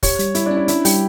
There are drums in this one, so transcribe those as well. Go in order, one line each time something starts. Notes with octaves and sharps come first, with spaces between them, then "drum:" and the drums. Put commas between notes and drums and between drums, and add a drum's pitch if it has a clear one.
G4 C#5, drum: kick, open hi-hat
G3, drum: hi-hat
G3 E4, drum: hi-hat
C#4 D4
E4
D4 E4, drum: hi-hat
G3 G4, drum: open hi-hat